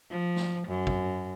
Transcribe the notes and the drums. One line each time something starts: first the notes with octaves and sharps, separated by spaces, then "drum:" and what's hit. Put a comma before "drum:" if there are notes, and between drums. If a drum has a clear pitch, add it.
F3
drum: snare
F#2
drum: kick